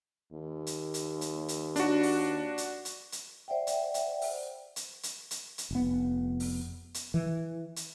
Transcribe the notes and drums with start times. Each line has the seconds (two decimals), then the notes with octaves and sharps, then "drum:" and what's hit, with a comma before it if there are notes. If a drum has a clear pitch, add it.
0.32 D#2
0.67 drum: hi-hat
0.94 drum: hi-hat
1.21 drum: hi-hat
1.48 drum: hi-hat
1.76 D4 F#4, drum: hi-hat
2.03 drum: open hi-hat
2.58 drum: hi-hat
2.85 drum: hi-hat
3.12 drum: hi-hat
3.48 C5 D5 E5 F#5 G5
3.67 drum: hi-hat
3.94 drum: hi-hat
4.21 drum: open hi-hat
4.76 drum: hi-hat
5.03 drum: hi-hat
5.31 drum: hi-hat
5.58 drum: hi-hat
5.71 F1 B3
6.40 drum: open hi-hat
6.94 drum: hi-hat
7.14 E3
7.76 drum: hi-hat